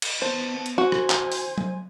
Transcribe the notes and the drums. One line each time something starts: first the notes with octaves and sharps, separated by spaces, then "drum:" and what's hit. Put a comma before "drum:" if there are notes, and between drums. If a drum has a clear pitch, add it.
drum: cymbal
B3 C5 A5
drum: hi-hat
F#4 C5 G#5
drum: rim click
drum: clap
drum: open hi-hat
drum: tom F#3